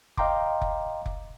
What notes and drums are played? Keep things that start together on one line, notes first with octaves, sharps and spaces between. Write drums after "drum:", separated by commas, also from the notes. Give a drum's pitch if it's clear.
D#5 F5 G5 A#5 C6 D6, drum: kick F1
drum: kick F1
drum: kick F1